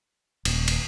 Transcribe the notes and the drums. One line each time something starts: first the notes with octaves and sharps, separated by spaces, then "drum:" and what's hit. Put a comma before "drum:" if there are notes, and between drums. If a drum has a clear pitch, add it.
D#1, drum: cymbal
drum: cymbal